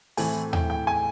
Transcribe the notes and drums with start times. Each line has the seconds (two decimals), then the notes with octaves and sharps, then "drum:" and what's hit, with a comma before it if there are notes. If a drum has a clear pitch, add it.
0.17 A2 E3 A3 C4 G#5, drum: open hi-hat
0.53 G5, drum: tom D#2
0.70 G5
0.87 G#5